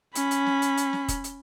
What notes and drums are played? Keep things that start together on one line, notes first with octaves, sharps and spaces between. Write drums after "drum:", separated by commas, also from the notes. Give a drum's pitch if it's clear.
C#4 B5, drum: hi-hat
drum: hi-hat
drum: snare
drum: hi-hat
drum: hi-hat
drum: snare
drum: kick, hi-hat
drum: hi-hat